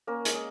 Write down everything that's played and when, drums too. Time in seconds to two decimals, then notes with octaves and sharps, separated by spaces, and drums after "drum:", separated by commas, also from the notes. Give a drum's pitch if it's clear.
0.07 A#3 C#4 A#4
0.25 G#3, drum: hi-hat
0.34 G#4